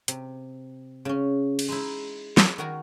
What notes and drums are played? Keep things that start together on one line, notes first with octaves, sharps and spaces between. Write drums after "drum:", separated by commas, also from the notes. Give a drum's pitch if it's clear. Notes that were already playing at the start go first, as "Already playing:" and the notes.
C3, drum: hi-hat
C#3 C#4
drum: cymbal
G#3 D#4 E4
E4, drum: snare
D#3 F#4 A#4 G#5 A#5